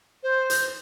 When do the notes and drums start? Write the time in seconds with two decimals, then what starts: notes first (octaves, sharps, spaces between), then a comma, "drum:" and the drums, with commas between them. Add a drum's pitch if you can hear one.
0.23 C5
0.50 drum: hi-hat